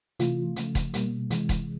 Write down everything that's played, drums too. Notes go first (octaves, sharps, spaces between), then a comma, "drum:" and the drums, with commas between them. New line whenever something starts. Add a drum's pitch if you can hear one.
C3 E3 A3 F4, drum: hi-hat
C#3 F3 A3, drum: hi-hat
drum: kick E1, hi-hat
B2 G3 A#3, drum: hi-hat
C3 E3 G#3, drum: hi-hat
drum: kick E1, hi-hat